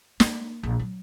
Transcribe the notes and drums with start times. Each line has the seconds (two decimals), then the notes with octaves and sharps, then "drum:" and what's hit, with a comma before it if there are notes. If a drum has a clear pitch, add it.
0.20 A#3, drum: snare
0.63 A#1
0.79 F#3